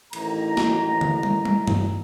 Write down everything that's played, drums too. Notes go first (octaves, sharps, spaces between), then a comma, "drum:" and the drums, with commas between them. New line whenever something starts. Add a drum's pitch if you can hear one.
A1 A2 D#3 A#5, drum: cymbal
drum: snare
drum: tom
drum: tom
drum: tom
drum: tom G2